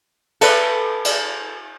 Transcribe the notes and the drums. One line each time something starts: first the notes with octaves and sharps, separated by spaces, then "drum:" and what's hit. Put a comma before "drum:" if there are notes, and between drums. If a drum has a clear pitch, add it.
A4 B4, drum: cymbal
drum: cymbal